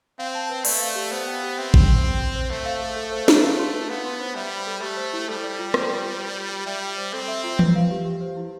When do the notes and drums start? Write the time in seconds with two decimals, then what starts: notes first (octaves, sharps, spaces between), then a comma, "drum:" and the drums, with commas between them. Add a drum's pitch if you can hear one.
0.19 C4 F5
0.35 A5
0.50 B4
0.65 A3 D5, drum: open hi-hat
0.80 F5
0.96 G4
1.11 B3 C5
1.27 G5
1.43 G4
1.58 C4 E5
1.74 G5, drum: kick A1
1.89 C5
2.04 G5
2.20 C6
2.36 C5
2.50 A3 C5
2.65 F5
2.82 A4
2.96 A4
3.12 C5
3.28 E4, drum: snare
3.42 A3 F5
3.59 C6
3.73 B4
3.89 B3 F5
4.05 C6
4.20 C5
4.35 G3 E5
4.51 B5
4.67 A4
4.82 A3 G4
4.97 C5
5.13 E4
5.28 G3 A4
5.44 D5
5.59 F4
5.74 C5, drum: rim click
5.90 G5
6.05 F4
6.21 D5
6.36 G5
6.51 G4
6.66 G3 E5
6.82 G5
6.97 C5
7.13 C4 A4
7.28 E5
7.44 F4
7.59 B4, drum: tom E3
7.75 F5
7.91 G4
8.05 G4
8.21 C5
8.36 E4